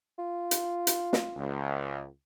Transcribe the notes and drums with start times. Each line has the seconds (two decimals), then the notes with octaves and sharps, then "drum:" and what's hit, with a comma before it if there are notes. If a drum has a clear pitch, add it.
0.19 F4
0.51 drum: hi-hat
0.87 drum: hi-hat
1.13 drum: snare
1.37 C#2